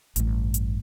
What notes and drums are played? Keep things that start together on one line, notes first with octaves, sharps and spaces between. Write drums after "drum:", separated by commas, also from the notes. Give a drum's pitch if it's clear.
A1 G2, drum: hi-hat
drum: hi-hat